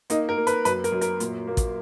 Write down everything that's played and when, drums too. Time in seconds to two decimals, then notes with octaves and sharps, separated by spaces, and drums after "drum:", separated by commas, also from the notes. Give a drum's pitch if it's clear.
0.10 A#3 D#4, drum: hi-hat
0.29 A#4
0.37 A#3
0.47 B4, drum: hi-hat
0.65 F#2 B4, drum: hi-hat
0.84 A#4, drum: hi-hat
0.92 F#2
1.01 A#4, drum: hi-hat
1.20 A#2, drum: hi-hat
1.47 A#3
1.57 drum: kick A1, hi-hat